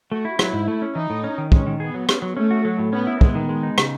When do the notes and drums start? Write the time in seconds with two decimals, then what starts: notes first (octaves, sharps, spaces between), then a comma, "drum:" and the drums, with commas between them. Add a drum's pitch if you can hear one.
0.11 A3 F#4
0.25 E4
0.39 F#3 E4, drum: rim click
0.53 G#2
0.68 A3
0.82 C#4
0.95 E3 D#4
1.10 A2
1.24 C#4
1.38 D#3
1.52 G#3 C#4, drum: kick
1.66 D#3
1.80 B3 G#4
1.94 F#3
2.09 C#4, drum: rim click
2.22 F#3
2.36 A3 C#4
2.51 F#4
2.65 F#3
2.79 A2
2.93 B3 C#4
3.07 E4
3.21 G#3 B3, drum: kick
3.35 D#3
3.49 G#3
3.63 D#4
3.78 C#3, drum: rim click